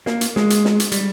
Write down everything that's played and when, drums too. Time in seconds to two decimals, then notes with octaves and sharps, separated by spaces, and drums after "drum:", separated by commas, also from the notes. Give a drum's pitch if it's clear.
0.06 A#3, drum: snare
0.21 drum: hi-hat
0.36 G#3, drum: snare
0.50 drum: hi-hat
0.65 drum: snare
0.80 drum: hi-hat
0.92 G3, drum: hi-hat